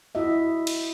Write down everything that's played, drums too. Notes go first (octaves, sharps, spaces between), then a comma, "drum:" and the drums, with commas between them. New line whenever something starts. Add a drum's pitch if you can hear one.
E4 F#4 D#5 E5
drum: cymbal